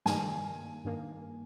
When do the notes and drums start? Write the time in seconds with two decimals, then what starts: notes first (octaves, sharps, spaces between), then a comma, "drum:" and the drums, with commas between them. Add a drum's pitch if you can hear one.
0.06 G2 D#3 A#3 G#5, drum: snare G#3
0.85 G2 D#3 A#3